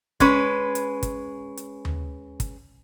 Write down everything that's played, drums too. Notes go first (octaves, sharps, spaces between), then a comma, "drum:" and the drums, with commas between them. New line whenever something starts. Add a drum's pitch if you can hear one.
G#3 C#4 B4, drum: kick, hi-hat
drum: hi-hat
drum: kick, hi-hat
drum: hi-hat
drum: tom D#2
drum: kick, hi-hat